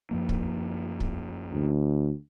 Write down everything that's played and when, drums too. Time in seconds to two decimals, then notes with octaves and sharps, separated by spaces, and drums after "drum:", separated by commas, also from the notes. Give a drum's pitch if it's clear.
0.11 F#2 F3 A#3
0.29 drum: kick
1.00 drum: kick
1.52 D2